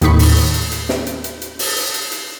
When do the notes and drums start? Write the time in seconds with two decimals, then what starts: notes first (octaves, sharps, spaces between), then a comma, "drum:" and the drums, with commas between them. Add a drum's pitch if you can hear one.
0.02 D#2 A2 D#4 B5 C#6, drum: hi-hat
0.19 drum: open hi-hat
0.37 drum: hi-hat
0.54 drum: hi-hat
0.72 drum: hi-hat
0.89 drum: snare
1.07 drum: hi-hat
1.24 drum: hi-hat
1.42 drum: hi-hat
1.59 drum: open hi-hat
1.77 drum: hi-hat
1.94 drum: hi-hat
2.12 drum: hi-hat